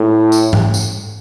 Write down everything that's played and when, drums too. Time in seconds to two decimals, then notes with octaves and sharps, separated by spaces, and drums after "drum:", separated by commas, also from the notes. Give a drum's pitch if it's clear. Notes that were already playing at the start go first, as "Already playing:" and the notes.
Already playing: A2
0.32 drum: tambourine
0.53 drum: tom G#2
0.74 drum: tambourine